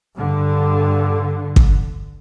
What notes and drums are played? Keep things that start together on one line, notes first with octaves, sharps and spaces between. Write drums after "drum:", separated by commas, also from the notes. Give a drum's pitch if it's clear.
G2 D3
drum: kick